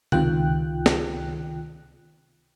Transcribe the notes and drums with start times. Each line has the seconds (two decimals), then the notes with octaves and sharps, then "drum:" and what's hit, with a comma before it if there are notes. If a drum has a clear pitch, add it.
0.12 C#2 C3 D#3 F4 G5 F#6, drum: tom
0.86 drum: snare